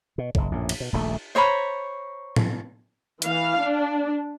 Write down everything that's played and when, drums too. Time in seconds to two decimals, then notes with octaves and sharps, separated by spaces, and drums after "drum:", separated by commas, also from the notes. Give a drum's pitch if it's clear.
0.18 B2
0.35 F#1 G#2, drum: kick
0.52 A#1 F#2 A2
0.69 drum: cymbal
0.80 B2
0.93 D#1 A#1 G#2 A3
1.35 C5 C#5 A#5 B5
2.36 drum: tom
3.22 E3 F5, drum: hi-hat
3.60 D4